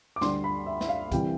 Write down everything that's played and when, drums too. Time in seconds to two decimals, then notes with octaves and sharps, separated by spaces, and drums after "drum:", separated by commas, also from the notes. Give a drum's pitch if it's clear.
0.16 D6
0.21 D2 D3 G3 C6, drum: snare
0.44 B5
0.66 E5
0.81 E5, drum: snare
0.89 F5
1.12 C2 C3 E3 G3 G5, drum: kick, hi-hat